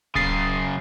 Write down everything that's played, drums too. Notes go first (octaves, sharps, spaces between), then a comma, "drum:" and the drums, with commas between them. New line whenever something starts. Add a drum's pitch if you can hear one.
F#2 C#3 D#6 A6 C7, drum: kick D1